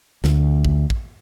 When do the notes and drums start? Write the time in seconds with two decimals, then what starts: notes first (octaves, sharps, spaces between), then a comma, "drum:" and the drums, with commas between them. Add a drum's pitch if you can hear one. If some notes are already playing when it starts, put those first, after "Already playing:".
0.24 D2, drum: snare
0.65 drum: kick
0.90 drum: kick